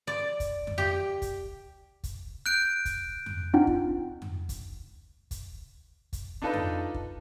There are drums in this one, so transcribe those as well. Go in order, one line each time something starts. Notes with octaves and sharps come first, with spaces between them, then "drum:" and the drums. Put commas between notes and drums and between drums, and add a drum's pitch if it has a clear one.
D5
drum: kick, hi-hat
drum: tom F2
G4
drum: kick, hi-hat
drum: kick, hi-hat
F#6 G6 D7
drum: kick, hi-hat
drum: tom F2
C4 D4 D#4 F4 F#5 G5
drum: kick
drum: tom F2
drum: kick, hi-hat
drum: kick, hi-hat
drum: kick, hi-hat
D4 D#4 F4 A4 B4 D#5
drum: tom F2
drum: kick